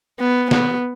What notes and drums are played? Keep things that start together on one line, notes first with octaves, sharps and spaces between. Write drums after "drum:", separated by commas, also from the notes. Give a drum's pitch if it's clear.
B3
B3, drum: snare